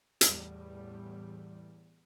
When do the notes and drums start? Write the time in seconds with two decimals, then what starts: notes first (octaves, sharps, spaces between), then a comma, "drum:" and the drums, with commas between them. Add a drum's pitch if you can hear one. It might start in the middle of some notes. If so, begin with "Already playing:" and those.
0.21 E2 A2 G3, drum: hi-hat